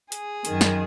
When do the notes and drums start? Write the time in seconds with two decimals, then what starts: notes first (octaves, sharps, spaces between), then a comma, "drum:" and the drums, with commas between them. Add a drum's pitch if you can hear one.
0.12 G#4, drum: hi-hat
0.45 F#2 D#3, drum: hi-hat
0.61 drum: snare